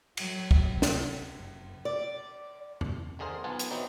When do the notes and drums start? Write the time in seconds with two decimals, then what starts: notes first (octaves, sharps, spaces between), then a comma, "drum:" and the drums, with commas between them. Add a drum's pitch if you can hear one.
0.17 F#3, drum: cymbal
0.51 drum: kick
0.71 C3
0.82 drum: snare
1.31 F#1
1.85 D5
2.81 drum: tom E2
3.19 G#1 D3 G#4 A#4 C5
3.44 B1 B3 F4 F#5 G#5 A5
3.59 drum: hi-hat
3.71 E3 F#3 B3 C4 D#4 D5